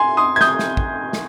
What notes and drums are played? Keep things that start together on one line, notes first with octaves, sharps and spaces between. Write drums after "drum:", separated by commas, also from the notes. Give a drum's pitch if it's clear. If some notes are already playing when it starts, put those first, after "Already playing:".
Already playing: G#5 C6
C6 D#6
G#6
D#6 G6, drum: snare
drum: snare
drum: kick
drum: snare